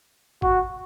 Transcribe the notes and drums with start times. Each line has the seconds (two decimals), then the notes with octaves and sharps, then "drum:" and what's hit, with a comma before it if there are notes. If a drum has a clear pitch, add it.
0.42 F#4, drum: kick G#1